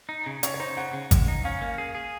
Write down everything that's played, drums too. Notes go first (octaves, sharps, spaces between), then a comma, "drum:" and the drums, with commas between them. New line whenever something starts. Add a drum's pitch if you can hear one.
D#4
C#3
C#3 C#5, drum: hi-hat
C#5
D#4 C5
C#3 F#5
C#3
G#3, drum: kick G#1, hi-hat
D#4
C#4 F5
A#3
G#4
G#4